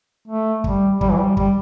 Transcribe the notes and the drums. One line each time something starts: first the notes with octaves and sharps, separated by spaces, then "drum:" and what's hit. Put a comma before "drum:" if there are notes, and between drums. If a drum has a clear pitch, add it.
A3
G3, drum: kick
G3, drum: kick
E3
G3
G3, drum: kick